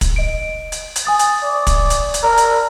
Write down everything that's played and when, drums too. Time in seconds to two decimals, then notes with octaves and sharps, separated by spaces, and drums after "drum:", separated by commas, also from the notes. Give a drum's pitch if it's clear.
0.01 drum: kick, hi-hat
0.16 D#5 D7
0.72 drum: hi-hat
0.96 drum: hi-hat
1.05 G#5 D#6 A6
1.19 drum: hi-hat
1.43 D5
1.67 drum: kick, hi-hat
1.90 drum: hi-hat
2.14 drum: hi-hat
2.23 A#4 D5 A#5 F6
2.38 drum: hi-hat